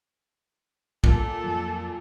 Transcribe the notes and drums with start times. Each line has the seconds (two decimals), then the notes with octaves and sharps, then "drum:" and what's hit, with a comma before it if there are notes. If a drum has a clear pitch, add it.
1.04 A#2 A4, drum: kick
1.44 F2 F#3